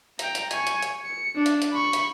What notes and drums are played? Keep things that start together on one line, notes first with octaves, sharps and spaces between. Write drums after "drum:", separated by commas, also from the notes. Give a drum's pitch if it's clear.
G5 A#5, drum: hi-hat
drum: hi-hat
G#5 C#6, drum: hi-hat
drum: hi-hat
drum: hi-hat
C#7
D4
drum: hi-hat
drum: hi-hat
B5 C#6
drum: hi-hat